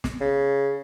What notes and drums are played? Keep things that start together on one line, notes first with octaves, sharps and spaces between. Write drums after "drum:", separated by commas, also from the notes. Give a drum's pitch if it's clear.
drum: snare
C#3